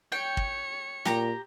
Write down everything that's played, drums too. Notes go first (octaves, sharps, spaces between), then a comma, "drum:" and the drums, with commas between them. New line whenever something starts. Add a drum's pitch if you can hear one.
C#5 G5 C#7
drum: kick
A#2 G4 A#5, drum: snare